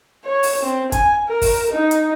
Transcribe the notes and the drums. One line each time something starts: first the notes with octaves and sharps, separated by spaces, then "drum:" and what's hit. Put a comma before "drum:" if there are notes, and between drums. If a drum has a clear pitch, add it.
C#5
drum: open hi-hat
C4
G#5, drum: kick, hi-hat
A#4
drum: kick, open hi-hat
D#4
drum: hi-hat